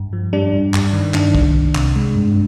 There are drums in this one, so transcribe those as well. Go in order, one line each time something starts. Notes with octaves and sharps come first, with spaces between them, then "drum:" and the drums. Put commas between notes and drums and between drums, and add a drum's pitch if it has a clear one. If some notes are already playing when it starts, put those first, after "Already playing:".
Already playing: G2
F3
G3 D4
G2
G2, drum: clap
D#3
D#3 D4, drum: clap
C2, drum: kick
C2
C3, drum: clap
G#3
G2